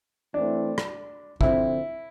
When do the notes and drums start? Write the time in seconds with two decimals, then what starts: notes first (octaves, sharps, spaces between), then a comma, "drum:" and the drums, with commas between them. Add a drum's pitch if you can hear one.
0.34 E3 A3 C4 D4 E4
0.78 drum: rim click
1.41 D3 F3 C4 E4, drum: kick